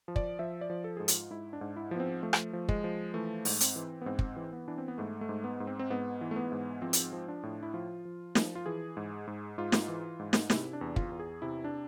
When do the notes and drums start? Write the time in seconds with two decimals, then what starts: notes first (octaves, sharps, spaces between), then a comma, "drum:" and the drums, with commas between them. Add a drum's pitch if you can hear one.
0.08 F3
0.16 D5, drum: kick
0.39 F3 E5
0.61 D5
0.70 F3
0.84 A4
0.97 G#2 G#4
1.08 F4, drum: hi-hat
1.30 G#2 E4
1.53 D4
1.61 G#2
1.76 E4
1.91 F3 B3
2.00 C4
2.23 F3 A3
2.33 drum: rim click
2.53 F3
2.69 G#3, drum: kick
2.84 F3
3.14 E3 A3
3.45 G#2, drum: open hi-hat
3.61 C4, drum: hi-hat
3.76 E3
4.02 B3
4.06 G#2 C4
4.19 drum: kick
4.36 E3
4.53 B3
4.68 E3 D4
4.78 C4
4.88 B3
4.98 G#2 A3
5.21 A3
5.29 G#2
5.44 B3
5.60 G#2
5.67 C4
5.79 C4
5.90 G#2 B3
6.21 E3
6.31 A3
6.36 B3
6.52 G#2
6.82 F3 C4
6.93 drum: hi-hat
7.13 F3
7.28 D4
7.43 A2
7.63 E4
7.74 F3 F4
8.05 F3
8.35 F3, drum: snare
8.55 F4
8.66 E3 G#4
8.97 G#2
9.27 G#2
9.58 G#2 F4
9.72 drum: snare
9.88 E3
10.20 G#2
10.33 drum: snare
10.50 C3 E4, drum: snare
10.73 D4
10.81 E2
10.96 F4, drum: kick
11.12 E2
11.19 G#4
11.42 C3 E4
11.64 D4